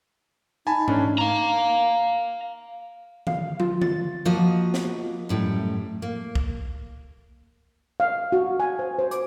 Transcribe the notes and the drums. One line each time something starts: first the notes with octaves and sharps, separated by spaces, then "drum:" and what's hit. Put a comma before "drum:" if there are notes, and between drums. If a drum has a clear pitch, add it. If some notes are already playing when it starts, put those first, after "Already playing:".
D#4 G#5 A5 B5
A3 C#4 D4, drum: tom G#2
F5 A#5
F5, drum: tom D3
F4, drum: tom
A6, drum: tom D3
F3 A#3 F#4 D#5
drum: snare
F#2 A2 G3
A#3
drum: kick
F5
F#4
G#5
C5
C5
D6, drum: hi-hat